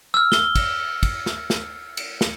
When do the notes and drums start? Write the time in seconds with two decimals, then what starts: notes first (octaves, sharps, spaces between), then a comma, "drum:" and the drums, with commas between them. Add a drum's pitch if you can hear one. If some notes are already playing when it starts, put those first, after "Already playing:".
0.14 E6 F6
0.32 G7, drum: snare
0.55 drum: kick, cymbal
1.03 drum: kick, cymbal
1.26 drum: snare
1.50 drum: snare
1.97 drum: cymbal
2.21 drum: snare